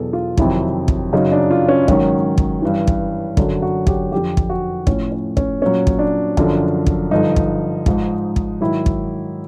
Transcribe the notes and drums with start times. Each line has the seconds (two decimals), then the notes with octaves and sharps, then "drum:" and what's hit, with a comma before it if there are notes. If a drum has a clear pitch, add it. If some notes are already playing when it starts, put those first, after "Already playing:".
Already playing: E2 B2 F#3 G#4 A4
0.13 F4
0.37 F2 C3 D#3 F#3 E4, drum: kick
0.88 drum: kick
1.13 F#2 C#3 F#3 D#4
1.32 D4
1.51 F4
1.69 C#4
1.88 G#2 D#3 F#3 C#4, drum: kick
2.38 drum: kick
2.62 G2 E3
2.87 drum: kick
3.37 F#2 D3 F#3, drum: kick
3.62 F#4
3.87 G4, drum: kick
4.12 F2 D3 F3 G4
4.37 drum: kick
4.49 F#4
4.87 A2 F3 C#4, drum: kick
5.12 C#4
5.37 C#4, drum: kick
5.62 A#2 F#3 C#4
5.87 drum: kick
5.99 D4
6.37 F#2 D3 F3, drum: kick
6.86 drum: kick
7.11 G2 D3 F3 D#4
7.36 drum: kick
7.86 G#2 F3, drum: kick
8.36 drum: kick
8.61 G#2 D#3 F#3 E4
8.86 drum: kick